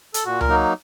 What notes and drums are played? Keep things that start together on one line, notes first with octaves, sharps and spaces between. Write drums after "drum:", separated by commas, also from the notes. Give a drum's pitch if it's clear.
A4, drum: hi-hat
A#2 F#4
A#4, drum: tom C#2
F#3 A#3 D#4